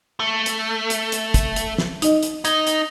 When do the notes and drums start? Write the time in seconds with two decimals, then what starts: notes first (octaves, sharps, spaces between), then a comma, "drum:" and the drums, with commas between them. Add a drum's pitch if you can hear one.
0.20 A3
0.46 drum: hi-hat
0.90 drum: hi-hat
1.12 drum: hi-hat
1.34 drum: kick, hi-hat
1.56 drum: hi-hat
1.78 drum: snare
2.02 D#4 D#5, drum: hi-hat
2.23 drum: hi-hat
2.45 D#4 G#6, drum: hi-hat
2.67 drum: hi-hat